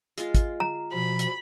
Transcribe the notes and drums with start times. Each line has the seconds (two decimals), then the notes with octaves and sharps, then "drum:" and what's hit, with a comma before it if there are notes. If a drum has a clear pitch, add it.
0.18 G#3 F4, drum: hi-hat
0.35 drum: kick, hi-hat
0.60 A#5
0.93 B2 F3 B5
1.19 drum: hi-hat